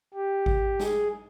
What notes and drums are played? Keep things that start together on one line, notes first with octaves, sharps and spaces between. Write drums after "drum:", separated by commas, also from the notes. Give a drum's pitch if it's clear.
G4
drum: kick G#1
G#4, drum: snare